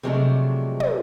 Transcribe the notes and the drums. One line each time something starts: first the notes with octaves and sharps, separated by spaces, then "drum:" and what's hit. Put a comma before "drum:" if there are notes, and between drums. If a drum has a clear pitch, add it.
C3 F3 F#3 G#3 A3 D4
drum: tom